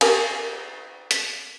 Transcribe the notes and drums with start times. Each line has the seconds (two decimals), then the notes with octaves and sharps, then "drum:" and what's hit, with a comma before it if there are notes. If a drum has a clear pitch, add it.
0.01 G4 A#4 G#5, drum: cymbal
1.11 drum: hi-hat